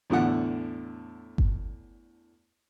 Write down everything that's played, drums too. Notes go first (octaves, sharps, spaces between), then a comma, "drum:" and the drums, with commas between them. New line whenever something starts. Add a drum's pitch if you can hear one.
E2 A2 D3 F#5
drum: kick G1